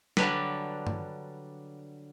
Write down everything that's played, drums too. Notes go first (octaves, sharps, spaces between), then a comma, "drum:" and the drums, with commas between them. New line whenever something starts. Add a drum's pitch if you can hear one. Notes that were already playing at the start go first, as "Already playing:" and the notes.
D3 F#3 G3 D4 B4, drum: snare
drum: tom G2